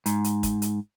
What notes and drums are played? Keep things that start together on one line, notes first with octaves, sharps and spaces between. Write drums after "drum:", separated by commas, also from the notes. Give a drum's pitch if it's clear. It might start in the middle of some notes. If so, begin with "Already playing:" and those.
G#2, drum: hi-hat
drum: hi-hat
drum: kick, hi-hat
drum: hi-hat